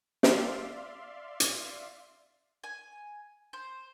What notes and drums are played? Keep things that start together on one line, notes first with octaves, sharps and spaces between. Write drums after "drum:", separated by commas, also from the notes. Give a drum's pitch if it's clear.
D5 E5 F5 C6, drum: snare
drum: hi-hat
G#5
C5